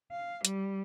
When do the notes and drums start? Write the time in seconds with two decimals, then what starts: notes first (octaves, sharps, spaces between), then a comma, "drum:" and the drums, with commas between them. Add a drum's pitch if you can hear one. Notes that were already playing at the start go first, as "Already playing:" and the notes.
0.12 F5
0.45 G3, drum: hi-hat